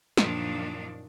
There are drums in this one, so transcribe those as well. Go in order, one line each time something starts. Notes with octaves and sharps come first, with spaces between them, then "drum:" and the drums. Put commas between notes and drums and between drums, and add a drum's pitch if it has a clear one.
F#2 A#2 D#3 F3 D4, drum: snare